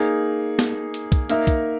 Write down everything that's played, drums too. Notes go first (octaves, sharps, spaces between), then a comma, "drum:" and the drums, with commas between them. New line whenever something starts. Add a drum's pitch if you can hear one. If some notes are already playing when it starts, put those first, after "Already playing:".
Already playing: A#3 D#4 G#4
drum: snare
drum: hi-hat
drum: kick, hi-hat
A#3 D#4 A#4 E5, drum: hi-hat
drum: kick, hi-hat